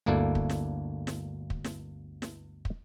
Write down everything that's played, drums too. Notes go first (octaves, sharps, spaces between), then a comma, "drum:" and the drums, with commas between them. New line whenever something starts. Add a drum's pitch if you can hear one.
G1 D2 A#3 D4 E4 A4
drum: kick
drum: snare
drum: snare
drum: kick
drum: snare
drum: snare
drum: kick